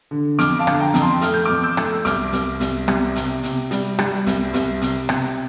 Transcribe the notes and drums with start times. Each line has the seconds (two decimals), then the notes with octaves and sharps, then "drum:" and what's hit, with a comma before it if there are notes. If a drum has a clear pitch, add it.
0.11 D3
0.39 F2 D6 F6, drum: hi-hat
0.59 F5 A5
0.67 D3, drum: rim click
0.80 G5 A#5
0.94 F2, drum: hi-hat
1.01 A5 C6
1.21 A3 F6, drum: hi-hat
1.34 G6
1.45 F2 D6 F6
1.63 E6 G6
1.77 A3, drum: rim click
2.05 C2 D6 F6, drum: hi-hat
2.33 C2, drum: hi-hat
2.60 C2, drum: hi-hat
2.88 C2, drum: rim click
3.15 C3, drum: hi-hat
3.43 C3, drum: hi-hat
3.71 G3, drum: hi-hat
3.99 G3, drum: rim click
4.26 C2, drum: hi-hat
4.54 C2, drum: hi-hat
4.82 C3, drum: hi-hat
5.09 C3, drum: rim click